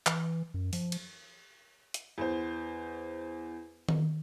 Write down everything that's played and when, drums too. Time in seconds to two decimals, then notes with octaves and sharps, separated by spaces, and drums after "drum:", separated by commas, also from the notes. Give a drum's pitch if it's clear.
0.06 E3, drum: clap
0.54 F#2
0.73 F3, drum: open hi-hat
0.92 drum: cymbal
1.94 drum: hi-hat
2.18 E2 C5
3.89 drum: tom D#3